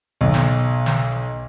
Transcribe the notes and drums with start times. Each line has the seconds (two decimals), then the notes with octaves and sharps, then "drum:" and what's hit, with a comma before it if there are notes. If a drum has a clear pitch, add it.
0.21 B1
0.34 drum: snare
0.86 drum: snare